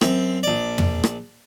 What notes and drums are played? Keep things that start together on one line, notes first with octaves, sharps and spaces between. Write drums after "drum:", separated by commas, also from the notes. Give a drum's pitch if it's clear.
F#2 C4, drum: rim click
A#1 D5
drum: tom
drum: rim click